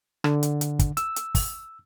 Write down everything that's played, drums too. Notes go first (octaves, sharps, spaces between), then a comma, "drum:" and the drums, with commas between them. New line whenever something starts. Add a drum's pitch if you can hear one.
D3, drum: rim click
drum: hi-hat
drum: hi-hat
drum: kick, hi-hat
E6, drum: hi-hat
drum: hi-hat
drum: kick, open hi-hat